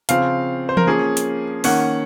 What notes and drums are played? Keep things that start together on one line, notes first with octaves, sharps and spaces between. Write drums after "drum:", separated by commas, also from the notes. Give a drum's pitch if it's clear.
C#3 F3 C4 F5, drum: hi-hat
C5
A#4, drum: tom E3
F3 A#3 C#4 G#4
drum: hi-hat
D#3 A#3 C#4 F#5, drum: open hi-hat